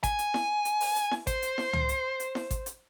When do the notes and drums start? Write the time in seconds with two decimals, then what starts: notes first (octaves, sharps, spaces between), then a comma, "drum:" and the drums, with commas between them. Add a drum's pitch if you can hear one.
0.03 G#5, drum: kick G#1, hi-hat
0.19 drum: hi-hat
0.34 drum: snare E4
0.65 drum: hi-hat
0.80 drum: open hi-hat
0.96 drum: hi-hat
1.11 drum: snare E4
1.27 C5, drum: kick G#1, hi-hat
1.42 drum: hi-hat
1.58 drum: snare E4
1.73 drum: tom
1.89 drum: hi-hat
2.20 drum: hi-hat
2.35 drum: snare E4
2.51 drum: kick G#1, hi-hat
2.66 drum: hi-hat